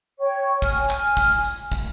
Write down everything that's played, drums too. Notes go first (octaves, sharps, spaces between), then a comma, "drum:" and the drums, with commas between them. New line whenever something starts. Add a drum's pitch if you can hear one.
C#5 G5 C#6
G#5 F6, drum: kick, tambourine
drum: clap
drum: kick, tambourine
drum: tambourine
drum: kick, tambourine